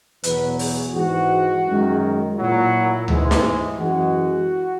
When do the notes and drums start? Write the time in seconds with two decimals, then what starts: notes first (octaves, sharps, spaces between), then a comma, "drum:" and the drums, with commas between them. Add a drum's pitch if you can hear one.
0.23 E2 B2 F#3 B4, drum: hi-hat
0.59 G#4, drum: open hi-hat
0.94 G#2 E3 G#3 F#4
1.66 F#2 D#3 G#3
2.36 A#2 F#3 E4
3.08 G#2 E3 G#3, drum: tom D2
3.31 drum: snare
3.78 F#2 E3 G#3 F#4